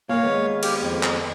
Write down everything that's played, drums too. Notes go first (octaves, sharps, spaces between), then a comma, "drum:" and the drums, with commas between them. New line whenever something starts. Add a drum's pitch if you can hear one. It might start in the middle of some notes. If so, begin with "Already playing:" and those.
A#2 A#3 C#5 F5
D#2 G#3 B3
G4 F6, drum: cymbal
F2
drum: clap